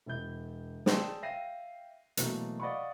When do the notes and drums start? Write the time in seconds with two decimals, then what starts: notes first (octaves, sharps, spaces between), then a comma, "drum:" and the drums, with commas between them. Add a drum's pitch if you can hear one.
0.06 E1 E4 G6
0.86 G#4 D5 G5 A5 C6 E6, drum: snare
1.22 E5 F5 G5 A#6 C7 D#7
2.17 B2 E3 F#3 A3 A#3, drum: hi-hat
2.60 D5 D#5 F5 F#5 B5 C#6